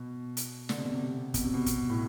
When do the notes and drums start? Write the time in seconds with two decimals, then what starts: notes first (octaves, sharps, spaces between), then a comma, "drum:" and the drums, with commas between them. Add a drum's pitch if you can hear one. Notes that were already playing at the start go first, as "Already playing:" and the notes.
Already playing: B2
0.37 drum: hi-hat
0.69 D3, drum: snare
0.77 C3
0.85 B2
0.93 C3
1.34 B2, drum: kick, hi-hat
1.44 C3
1.54 B2
1.66 drum: kick, hi-hat
1.90 A2